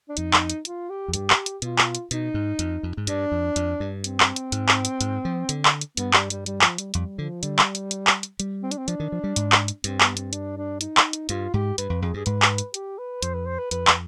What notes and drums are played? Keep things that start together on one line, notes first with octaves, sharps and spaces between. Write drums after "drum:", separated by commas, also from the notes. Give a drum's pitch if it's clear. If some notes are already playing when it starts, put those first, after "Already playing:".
D4
F2 D#4, drum: hi-hat
drum: clap
drum: hi-hat
F4, drum: hi-hat
G4
F2
G2 G4, drum: hi-hat
drum: clap
drum: hi-hat
B2 F4, drum: hi-hat
drum: clap
drum: hi-hat
B2 D#4, drum: hi-hat
G#2
F2, drum: hi-hat
F2
G#2
G2 D4, drum: hi-hat
F2
F2, drum: hi-hat
G2
C4, drum: hi-hat
drum: clap
drum: hi-hat
G#2, drum: hi-hat
drum: clap
drum: hi-hat
G#2, drum: hi-hat
F3
D3, drum: hi-hat
drum: clap
drum: hi-hat
G2 B3, drum: hi-hat
G3, drum: clap
G3, drum: hi-hat
G3, drum: hi-hat
F3, drum: clap
G3, drum: hi-hat
F2 G3, drum: hi-hat
D3 F3
D3 G3, drum: hi-hat
drum: clap
drum: hi-hat
drum: hi-hat
drum: clap
drum: hi-hat
G3, drum: hi-hat
C4
D4, drum: hi-hat
C4
F3 D4, drum: hi-hat
D#3
F3
G3
G#2, drum: hi-hat
drum: clap
drum: hi-hat
G2 C4, drum: hi-hat
B3, drum: clap
C4, drum: hi-hat
D4, drum: hi-hat
D4
D#4, drum: hi-hat
drum: clap
drum: hi-hat
G2 F4, drum: hi-hat
G#2 G4
G2 B4, drum: hi-hat
F2
F2 G#4
G2 G#4
G#2 B4, drum: hi-hat
drum: clap
drum: hi-hat
G4, drum: hi-hat
B4
F2 C5, drum: hi-hat
B4
C5
B4
F2 B4, drum: hi-hat
drum: clap